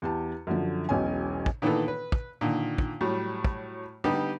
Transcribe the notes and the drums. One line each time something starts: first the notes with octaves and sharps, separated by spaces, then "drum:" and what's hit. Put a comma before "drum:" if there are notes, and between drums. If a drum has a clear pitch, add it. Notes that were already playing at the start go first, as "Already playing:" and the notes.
E2 G4 A5
F#2 D3 F3
E1 B1 C#4 G#5
drum: kick
A#2 D#3 E3 B3 D4 A4
B4
drum: kick
A#2 D3 D#3
drum: kick
A2 F#3 G3
drum: kick
D3 G3 B3 D#4 G4